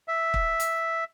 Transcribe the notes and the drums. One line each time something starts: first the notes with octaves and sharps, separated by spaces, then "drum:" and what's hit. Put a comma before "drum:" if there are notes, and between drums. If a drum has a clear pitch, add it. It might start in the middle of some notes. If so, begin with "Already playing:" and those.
E5
drum: kick
drum: hi-hat